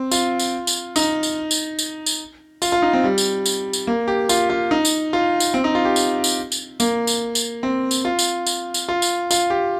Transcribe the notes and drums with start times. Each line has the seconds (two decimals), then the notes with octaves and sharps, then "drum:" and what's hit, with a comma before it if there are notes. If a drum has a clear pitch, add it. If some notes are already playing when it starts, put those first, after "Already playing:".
Already playing: C4
0.11 F4, drum: tambourine
0.39 drum: tambourine
0.67 drum: tambourine
0.96 D#4, drum: tambourine
1.23 drum: tambourine
1.51 drum: tambourine
1.79 drum: tambourine
2.06 drum: tambourine
2.62 F4, drum: tambourine
2.72 F4
2.82 D#4
2.93 C4
3.04 G3
3.18 drum: tambourine
3.46 drum: tambourine
3.73 drum: tambourine
3.87 A#3
4.08 G4
4.29 F4, drum: tambourine
4.50 F4
4.71 D#4
4.85 drum: tambourine
5.13 F4
5.40 drum: tambourine
5.54 C4
5.64 D#4
5.75 F4
5.85 G4
5.96 drum: tambourine
6.24 drum: tambourine
6.52 drum: tambourine
6.80 A#3, drum: tambourine
7.07 drum: tambourine
7.35 drum: tambourine
7.63 C4
7.91 drum: tambourine
8.05 F4
8.19 drum: tambourine
8.47 drum: tambourine
8.74 drum: tambourine
8.89 F4
9.02 drum: tambourine
9.31 F4, drum: tambourine
9.50 G4